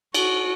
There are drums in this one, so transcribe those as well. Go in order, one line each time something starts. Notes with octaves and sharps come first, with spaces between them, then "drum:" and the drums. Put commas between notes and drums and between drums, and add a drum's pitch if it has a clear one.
F#4, drum: cymbal